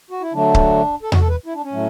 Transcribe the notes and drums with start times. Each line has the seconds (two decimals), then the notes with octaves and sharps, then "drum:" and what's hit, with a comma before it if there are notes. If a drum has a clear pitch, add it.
0.10 F#4
0.21 E4
0.33 D3 F#3 A3 D4
0.54 drum: kick C#1
1.02 A4
1.12 F#4, drum: tom E2
1.20 A4
1.28 B4
1.46 E4
1.54 D4
1.63 C#4
1.72 A2 F#3 A3